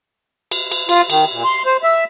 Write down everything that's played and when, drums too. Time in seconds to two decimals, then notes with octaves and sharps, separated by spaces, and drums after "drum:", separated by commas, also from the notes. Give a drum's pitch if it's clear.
0.51 drum: cymbal
0.72 drum: cymbal
0.89 F4, drum: cymbal
1.10 D#3, drum: cymbal
1.32 A#2
1.44 C6
1.66 C5
1.83 E5